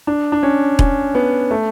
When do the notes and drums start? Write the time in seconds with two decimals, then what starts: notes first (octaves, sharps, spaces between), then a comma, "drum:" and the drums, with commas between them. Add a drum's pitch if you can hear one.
0.07 D4
0.32 D4
0.43 C#4
0.79 C#4, drum: kick E1
1.15 B3
1.51 A3